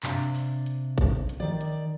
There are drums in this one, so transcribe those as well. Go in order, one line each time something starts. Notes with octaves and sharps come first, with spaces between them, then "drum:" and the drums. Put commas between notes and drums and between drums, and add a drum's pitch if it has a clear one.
C3 D4 D5 F5, drum: clap
drum: open hi-hat
drum: hi-hat
drum: kick A1, hi-hat
drum: hi-hat
D#3 D5
drum: hi-hat